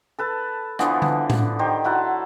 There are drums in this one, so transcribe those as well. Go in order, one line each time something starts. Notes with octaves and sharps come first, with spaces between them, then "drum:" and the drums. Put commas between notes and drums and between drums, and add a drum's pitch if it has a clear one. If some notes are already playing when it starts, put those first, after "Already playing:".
A4 B4 A5
D3 E3 F3 B3, drum: rim click
drum: tom D3
drum: tom A2
D#3 G4 C5
F#3 E4 F#5 A5